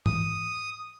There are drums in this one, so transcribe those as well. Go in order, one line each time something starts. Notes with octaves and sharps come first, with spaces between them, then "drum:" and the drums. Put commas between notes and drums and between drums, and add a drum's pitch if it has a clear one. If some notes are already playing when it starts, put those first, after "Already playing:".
D#6, drum: tom G#2